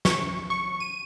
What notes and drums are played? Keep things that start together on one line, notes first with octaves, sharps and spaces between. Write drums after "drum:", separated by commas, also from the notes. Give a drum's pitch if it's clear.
C#6, drum: snare
C#6
D#7